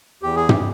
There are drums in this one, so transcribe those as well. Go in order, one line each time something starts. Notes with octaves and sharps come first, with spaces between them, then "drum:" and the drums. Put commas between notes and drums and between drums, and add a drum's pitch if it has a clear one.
E2 G4
G#4
B2 G4, drum: tom